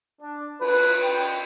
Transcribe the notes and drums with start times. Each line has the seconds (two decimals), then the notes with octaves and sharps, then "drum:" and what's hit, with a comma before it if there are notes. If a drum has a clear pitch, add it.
0.21 D4
0.61 B4, drum: cymbal
1.03 G5